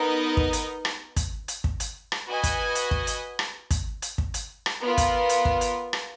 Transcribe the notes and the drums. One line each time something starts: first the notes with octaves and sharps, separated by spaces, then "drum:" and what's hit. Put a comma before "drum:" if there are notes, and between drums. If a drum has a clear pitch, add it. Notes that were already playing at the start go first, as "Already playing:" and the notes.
Already playing: B3 D#4 A#4 D#5
drum: kick
drum: hi-hat
drum: rim click
drum: kick, hi-hat
drum: hi-hat
drum: kick
drum: hi-hat
drum: rim click
F#4 B4 D#5 G#5
drum: kick, hi-hat
drum: hi-hat
drum: kick
drum: hi-hat
drum: rim click
drum: kick, hi-hat
drum: hi-hat
drum: kick
drum: hi-hat
drum: rim click
B3 F4 A#4
drum: kick, hi-hat
drum: hi-hat
drum: kick
drum: hi-hat
drum: rim click